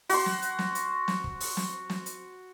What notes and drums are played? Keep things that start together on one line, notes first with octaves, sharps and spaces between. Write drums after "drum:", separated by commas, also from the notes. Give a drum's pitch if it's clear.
F#4 C6, drum: open hi-hat
drum: snare
drum: hi-hat
drum: snare
drum: hi-hat
drum: snare
drum: kick
drum: open hi-hat
drum: snare
drum: snare
drum: hi-hat